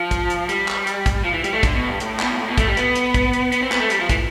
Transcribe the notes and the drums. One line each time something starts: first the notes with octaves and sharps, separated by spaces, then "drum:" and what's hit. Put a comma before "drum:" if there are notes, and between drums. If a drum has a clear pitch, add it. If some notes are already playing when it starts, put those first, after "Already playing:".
Already playing: F3
drum: kick, hi-hat
drum: hi-hat
G3, drum: hi-hat
drum: clap
drum: hi-hat
drum: kick, hi-hat
F3
E3
G3, drum: hi-hat
A3
D3, drum: kick, hi-hat
B2
G2
A2, drum: hi-hat
B2, drum: clap
G2
A2
B2
A3, drum: kick, hi-hat
G3
B3, drum: hi-hat
drum: hi-hat
drum: kick, hi-hat
drum: hi-hat
B3, drum: hi-hat
C4
B3, drum: clap
A3
G3, drum: hi-hat
F3
E3, drum: kick, hi-hat